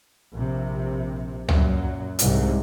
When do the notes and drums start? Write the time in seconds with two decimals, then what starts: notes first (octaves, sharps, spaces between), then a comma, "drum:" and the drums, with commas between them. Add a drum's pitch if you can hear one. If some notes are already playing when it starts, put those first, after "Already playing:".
0.32 A#1 C3
1.48 F#2 A#2 F#3, drum: tom C#2
2.19 C2 G#2, drum: hi-hat